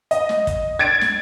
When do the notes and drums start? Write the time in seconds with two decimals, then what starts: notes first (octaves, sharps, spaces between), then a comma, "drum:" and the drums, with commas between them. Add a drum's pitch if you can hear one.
0.11 D#5, drum: hi-hat
0.29 drum: snare
0.47 drum: kick, hi-hat
0.79 G#6 A6 D7
1.01 drum: snare